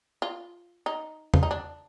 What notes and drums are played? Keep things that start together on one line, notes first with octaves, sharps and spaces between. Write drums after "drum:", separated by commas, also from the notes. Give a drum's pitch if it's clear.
F4
D#4
F4, drum: tom E2
D#4
D4